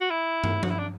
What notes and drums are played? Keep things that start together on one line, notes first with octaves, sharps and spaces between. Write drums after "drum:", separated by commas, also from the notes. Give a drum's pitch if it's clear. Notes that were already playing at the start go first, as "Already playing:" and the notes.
F#4
E4
drum: tom
F#4, drum: tom F3
E4
D4